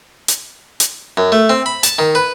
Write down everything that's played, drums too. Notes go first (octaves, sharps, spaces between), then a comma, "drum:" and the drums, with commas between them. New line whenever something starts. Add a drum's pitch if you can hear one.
drum: hi-hat
drum: hi-hat
F#2
A3
C4
B5
A5, drum: hi-hat
D#3
B4